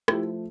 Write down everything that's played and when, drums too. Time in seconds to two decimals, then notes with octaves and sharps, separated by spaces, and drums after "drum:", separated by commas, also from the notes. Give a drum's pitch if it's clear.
0.08 F3 A3 E4 G4, drum: rim click